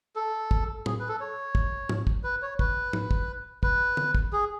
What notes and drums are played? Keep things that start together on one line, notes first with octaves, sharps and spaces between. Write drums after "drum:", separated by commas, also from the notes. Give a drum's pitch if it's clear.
A4
drum: kick
G#4, drum: tom A2
B4
A4
C#5
drum: kick
drum: tom
drum: kick
B4
C#5
B4, drum: kick
drum: tom
drum: kick
B4, drum: kick
drum: tom
drum: kick
G#4